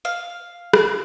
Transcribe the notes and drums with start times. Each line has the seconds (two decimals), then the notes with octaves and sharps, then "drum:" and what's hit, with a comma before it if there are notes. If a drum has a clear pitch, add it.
0.05 F5
0.73 drum: rim click